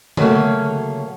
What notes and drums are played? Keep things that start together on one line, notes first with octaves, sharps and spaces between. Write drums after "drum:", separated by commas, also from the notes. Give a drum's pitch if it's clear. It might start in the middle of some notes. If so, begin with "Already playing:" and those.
C#3 F#3 A3 A#3 C#4, drum: tom D3